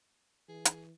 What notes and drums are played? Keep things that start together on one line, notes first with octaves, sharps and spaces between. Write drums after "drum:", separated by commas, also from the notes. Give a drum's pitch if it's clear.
E3 G#4
drum: hi-hat